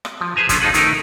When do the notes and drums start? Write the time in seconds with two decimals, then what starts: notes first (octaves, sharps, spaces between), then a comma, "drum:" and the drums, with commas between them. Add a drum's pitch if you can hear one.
0.05 drum: rim click
0.21 F3
0.36 G#4 B4 C5 G#5 A#5
0.49 F3 A3 C#4 D4 F4, drum: kick, hi-hat
0.61 F2 D#4 F4 G#4 F#5
0.74 D#3 A3 D#4 E4 A#4 B4, drum: hi-hat